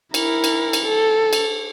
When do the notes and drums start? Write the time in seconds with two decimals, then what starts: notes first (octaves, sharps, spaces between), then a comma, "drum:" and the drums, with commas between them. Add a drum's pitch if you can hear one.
0.14 E4 A#4, drum: cymbal
0.44 drum: cymbal
0.73 drum: cymbal
0.86 A4
1.33 drum: cymbal